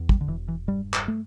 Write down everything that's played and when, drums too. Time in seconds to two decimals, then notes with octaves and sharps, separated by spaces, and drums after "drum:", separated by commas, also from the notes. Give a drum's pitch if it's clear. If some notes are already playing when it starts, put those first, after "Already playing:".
Already playing: E2
0.09 G3, drum: kick
0.21 D3
0.28 E1 E3
0.48 E3
0.68 G2 G3
0.94 drum: clap
1.08 A3